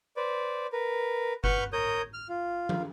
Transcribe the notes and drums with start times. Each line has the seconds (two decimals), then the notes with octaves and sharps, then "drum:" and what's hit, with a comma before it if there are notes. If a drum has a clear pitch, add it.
0.17 B4 C5 D5
0.72 A#4 B4
1.44 B4 F#5 B5 C#6 F6 G6, drum: kick F#1
1.73 A#4 C#5 D#6 G6
2.13 F6
2.29 F4
2.69 drum: tom F3